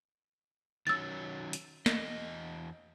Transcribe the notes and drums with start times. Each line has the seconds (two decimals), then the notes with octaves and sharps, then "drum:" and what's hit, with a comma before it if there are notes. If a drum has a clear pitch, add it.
0.87 D#3 F#3 C#4 E6 A6
1.53 drum: hi-hat
1.86 E2 D#5, drum: snare